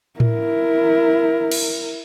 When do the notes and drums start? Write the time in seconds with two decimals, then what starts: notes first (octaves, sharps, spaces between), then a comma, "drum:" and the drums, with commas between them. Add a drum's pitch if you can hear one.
0.20 E4 A#4, drum: tom A2
1.52 drum: cymbal